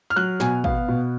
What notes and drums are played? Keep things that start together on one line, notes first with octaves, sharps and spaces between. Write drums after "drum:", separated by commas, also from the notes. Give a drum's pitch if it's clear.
F6
F#3 F#6
B2 G#5, drum: snare
B3 F5, drum: kick
B2